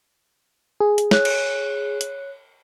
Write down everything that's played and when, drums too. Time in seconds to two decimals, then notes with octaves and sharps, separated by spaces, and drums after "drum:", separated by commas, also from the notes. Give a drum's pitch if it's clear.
0.80 G#4
0.98 drum: hi-hat
1.11 C#5 F#6, drum: snare
1.25 drum: cymbal
2.01 drum: hi-hat